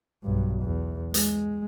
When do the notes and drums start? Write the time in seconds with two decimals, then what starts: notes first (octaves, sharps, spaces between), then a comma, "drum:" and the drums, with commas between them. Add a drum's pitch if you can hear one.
0.24 B1 G2
0.63 E2
1.14 G#3, drum: hi-hat